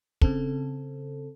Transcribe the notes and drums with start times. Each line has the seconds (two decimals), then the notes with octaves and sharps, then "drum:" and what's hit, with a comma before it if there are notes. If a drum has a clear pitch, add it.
0.21 C#3 C4 A4, drum: kick